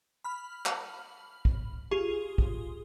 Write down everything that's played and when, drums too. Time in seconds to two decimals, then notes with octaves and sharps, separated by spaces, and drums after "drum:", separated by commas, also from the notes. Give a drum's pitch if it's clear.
0.24 B5 F6
0.66 drum: clap
1.45 drum: kick
1.91 F4 G4 G#4
2.38 drum: kick